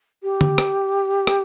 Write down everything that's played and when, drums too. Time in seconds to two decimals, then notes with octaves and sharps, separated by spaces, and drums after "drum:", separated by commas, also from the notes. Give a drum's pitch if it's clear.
0.23 G4
0.41 drum: tom D3
0.58 drum: rim click
1.27 drum: rim click